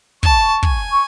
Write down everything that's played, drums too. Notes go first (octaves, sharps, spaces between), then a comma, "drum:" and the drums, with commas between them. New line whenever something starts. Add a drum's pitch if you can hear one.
A5 C#6, drum: kick
G#5, drum: kick
C#6